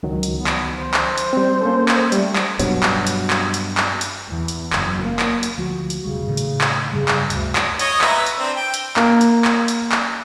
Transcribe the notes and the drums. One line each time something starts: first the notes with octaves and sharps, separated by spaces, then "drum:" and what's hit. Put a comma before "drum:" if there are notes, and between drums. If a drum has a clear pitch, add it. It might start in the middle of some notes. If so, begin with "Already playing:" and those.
C#2 D#3 F#3
drum: hi-hat
B3
drum: clap
C5
drum: clap
drum: hi-hat
G3 C4
A#3 C#4 A4
drum: clap
G3 A3, drum: hi-hat
drum: clap
G2 B2 F#3, drum: hi-hat
drum: clap
drum: hi-hat
drum: clap
drum: hi-hat
drum: clap
drum: hi-hat
E2
drum: hi-hat
F#1, drum: clap
A#3
drum: clap
drum: hi-hat
D2 F3 F#4
drum: hi-hat
E1 B1 C#3 G3
A2 D#3 A3
drum: hi-hat
drum: clap
F1 G2 C#3 G3
drum: clap
D2, drum: hi-hat
drum: clap
C#5 D#5, drum: hi-hat
B4 E5 A#5, drum: clap
drum: hi-hat
C4 D4
G5
drum: hi-hat
A#3, drum: clap
drum: hi-hat
drum: clap
drum: hi-hat
drum: clap